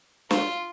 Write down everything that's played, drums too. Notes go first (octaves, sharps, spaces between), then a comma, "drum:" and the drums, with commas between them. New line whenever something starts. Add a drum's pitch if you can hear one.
F4, drum: snare